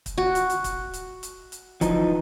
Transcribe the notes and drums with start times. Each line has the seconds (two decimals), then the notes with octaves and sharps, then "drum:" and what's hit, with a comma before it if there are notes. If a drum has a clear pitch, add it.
0.06 drum: kick, hi-hat
0.18 F#4
0.35 drum: hi-hat
0.50 drum: hi-hat
0.64 drum: kick, hi-hat
0.94 drum: hi-hat
1.23 drum: hi-hat
1.52 drum: hi-hat
1.81 E3 F3 D#4, drum: kick, hi-hat